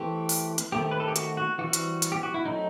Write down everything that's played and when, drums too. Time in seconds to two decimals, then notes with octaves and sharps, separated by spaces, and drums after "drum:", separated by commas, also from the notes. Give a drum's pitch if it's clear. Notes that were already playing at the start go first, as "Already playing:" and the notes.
Already playing: E3 A3 C4 G4
0.29 drum: open hi-hat
0.58 drum: hi-hat
0.72 D#3 A3 C4 G4
0.91 B4
1.00 A4
1.08 G4
1.16 F#4, drum: hi-hat
1.37 F#4
1.58 E3 G3 C4 F#4
1.73 drum: hi-hat
2.02 drum: hi-hat
2.12 G4
2.23 F#4
2.34 E4
2.45 F#3 A3 C4 D#4